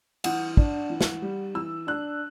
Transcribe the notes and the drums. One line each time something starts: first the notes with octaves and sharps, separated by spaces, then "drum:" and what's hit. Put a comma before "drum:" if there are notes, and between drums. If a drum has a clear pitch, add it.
E3 F#5, drum: cymbal
D4, drum: kick
E3
drum: snare
G3
E3 E6
D4 F#6